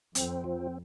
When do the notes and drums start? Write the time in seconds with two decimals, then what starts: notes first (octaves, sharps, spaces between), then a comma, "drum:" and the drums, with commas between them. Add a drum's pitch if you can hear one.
0.15 F2 C4, drum: hi-hat
0.44 F3